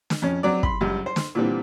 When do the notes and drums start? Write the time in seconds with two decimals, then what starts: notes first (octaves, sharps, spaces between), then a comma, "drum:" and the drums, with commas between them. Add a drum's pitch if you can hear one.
0.10 drum: snare
0.22 F2 C#4
0.43 F#3 C4 D5
0.63 B5 C6, drum: kick
0.81 C#2 F#2 G3
1.06 C5
1.16 drum: snare
1.35 A#2 D3 E3 G3 C4